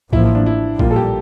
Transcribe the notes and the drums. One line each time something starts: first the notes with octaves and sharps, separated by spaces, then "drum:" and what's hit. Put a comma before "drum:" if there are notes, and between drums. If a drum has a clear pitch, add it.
A1 A2 F3 A#3 E4, drum: kick A#1
E4
D4
E4
A#1 A#2 G3 A#3 F4, drum: kick A#1
A4
G4